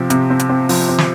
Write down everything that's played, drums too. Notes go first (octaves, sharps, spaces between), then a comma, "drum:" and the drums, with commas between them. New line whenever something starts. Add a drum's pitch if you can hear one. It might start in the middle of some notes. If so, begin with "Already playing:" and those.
Already playing: C3 F3 C4
C3, drum: hi-hat
C4
drum: hi-hat
C4
F3, drum: open hi-hat
C4
drum: snare